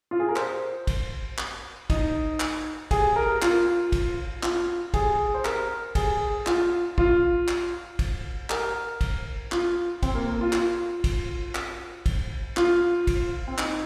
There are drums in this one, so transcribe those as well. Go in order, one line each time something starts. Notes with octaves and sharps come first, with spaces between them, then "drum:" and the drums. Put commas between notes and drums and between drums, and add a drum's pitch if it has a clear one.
F4
G#4
A#4
C5, drum: clap
drum: kick, cymbal
drum: clap
D#4, drum: kick, cymbal
drum: clap
G#4, drum: kick, cymbal
A#4
F4, drum: clap
drum: kick, cymbal
F4, drum: clap
G#4, drum: kick, cymbal
C5
A#4, drum: clap
G#4, drum: kick, cymbal
F4, drum: clap
F4, drum: kick
drum: clap
drum: kick, cymbal
A#4, drum: clap
drum: kick, cymbal
F4, drum: clap
C4, drum: kick, cymbal
A#3
A#3
F4
F4, drum: clap
drum: kick, cymbal
drum: clap
drum: kick, cymbal
F4, drum: clap
drum: kick, cymbal
C4
D#4, drum: clap